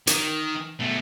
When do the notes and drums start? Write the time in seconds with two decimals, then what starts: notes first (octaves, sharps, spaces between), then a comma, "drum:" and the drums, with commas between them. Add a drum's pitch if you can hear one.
0.07 D#3, drum: hi-hat
0.80 B2 A3